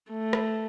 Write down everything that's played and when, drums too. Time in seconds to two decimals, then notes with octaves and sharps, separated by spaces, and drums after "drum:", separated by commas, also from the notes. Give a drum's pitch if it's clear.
0.10 A3
0.33 drum: rim click